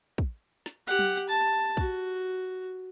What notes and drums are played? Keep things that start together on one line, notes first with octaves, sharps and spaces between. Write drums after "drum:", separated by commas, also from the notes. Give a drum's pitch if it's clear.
drum: kick
drum: snare
G4 F#5
drum: tom F#3
A5
F#4, drum: kick